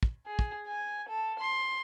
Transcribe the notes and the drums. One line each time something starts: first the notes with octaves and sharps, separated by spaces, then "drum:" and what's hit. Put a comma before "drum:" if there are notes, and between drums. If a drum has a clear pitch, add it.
drum: kick
G#4
drum: kick
G#5
A4
C6